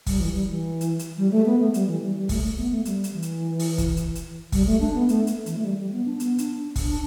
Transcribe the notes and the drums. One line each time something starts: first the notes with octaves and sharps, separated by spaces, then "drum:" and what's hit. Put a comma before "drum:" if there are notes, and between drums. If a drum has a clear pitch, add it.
G3, drum: kick, open hi-hat
E3
G3
E3
drum: hi-hat
drum: hi-hat
G3
A3
B3
A3
G3, drum: hi-hat
E3
G3
G3
A3, drum: kick, open hi-hat
A3
B3
A3
G3, drum: hi-hat
drum: hi-hat
E3
drum: hi-hat
drum: open hi-hat
drum: kick, hi-hat
drum: hi-hat
drum: hi-hat
G3, drum: kick, open hi-hat
A3
D4
B3
A3, drum: hi-hat
drum: hi-hat
E3, drum: hi-hat
A3
G3
G3
B3
D4
B3, drum: hi-hat
D4, drum: hi-hat
D4
drum: kick, open hi-hat